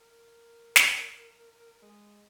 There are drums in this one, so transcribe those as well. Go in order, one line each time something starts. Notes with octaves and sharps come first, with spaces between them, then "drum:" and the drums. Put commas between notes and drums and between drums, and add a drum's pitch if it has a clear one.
A#4
drum: snare
G#3